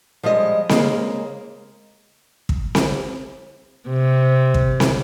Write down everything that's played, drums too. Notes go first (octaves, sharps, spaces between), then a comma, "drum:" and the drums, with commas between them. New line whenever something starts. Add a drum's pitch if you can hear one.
F3 G3 G#3 D#5
C#3 G#3 A#3 G#4, drum: snare C4
drum: kick
drum: snare C4
C3
drum: kick
drum: snare C4